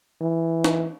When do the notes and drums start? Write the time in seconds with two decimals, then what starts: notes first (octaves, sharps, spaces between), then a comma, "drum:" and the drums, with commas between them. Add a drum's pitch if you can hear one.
0.21 E3
0.64 drum: snare